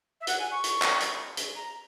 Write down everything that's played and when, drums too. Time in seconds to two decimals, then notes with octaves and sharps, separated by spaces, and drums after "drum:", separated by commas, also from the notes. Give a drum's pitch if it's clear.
0.20 E5
0.27 F#5, drum: hi-hat
0.39 G#5
0.51 C#6
0.64 drum: hi-hat
0.82 drum: clap
1.00 drum: hi-hat
1.37 drum: hi-hat
1.55 A#5